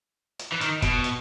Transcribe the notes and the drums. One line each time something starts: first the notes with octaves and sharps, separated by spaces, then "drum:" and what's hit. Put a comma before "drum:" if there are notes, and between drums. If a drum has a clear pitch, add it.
drum: hi-hat
E3
D#3, drum: hi-hat
B2, drum: kick, hi-hat
drum: hi-hat